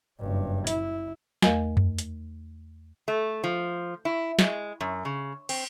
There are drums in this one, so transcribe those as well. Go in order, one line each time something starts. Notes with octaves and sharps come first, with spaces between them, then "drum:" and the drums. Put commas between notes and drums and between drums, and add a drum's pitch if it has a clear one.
F#1 G2
E4, drum: hi-hat
E2 A3 A#4 D#5 G#5, drum: snare
drum: tom F#2
drum: hi-hat
A3
F3
E4
G#3, drum: snare
F#2
C#3
C4, drum: cymbal